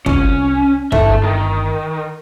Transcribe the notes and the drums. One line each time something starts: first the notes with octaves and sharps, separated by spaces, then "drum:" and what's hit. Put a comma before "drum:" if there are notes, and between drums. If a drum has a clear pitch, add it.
C2 C#4 F4, drum: kick
G1 E4 A4 E5, drum: kick
D#3